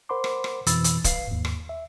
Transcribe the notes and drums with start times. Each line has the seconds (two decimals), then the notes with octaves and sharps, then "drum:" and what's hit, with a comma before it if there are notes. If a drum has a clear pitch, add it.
0.09 A#4 C5 F#5 B5 C6 D6
0.24 drum: rim click
0.44 drum: rim click
0.66 F2 B2 E3 B5 E6 A6, drum: hi-hat
0.84 drum: hi-hat
1.04 B4 F5 C7, drum: kick D1, hi-hat
1.27 D#2 G#2
1.45 drum: rim click
1.69 E5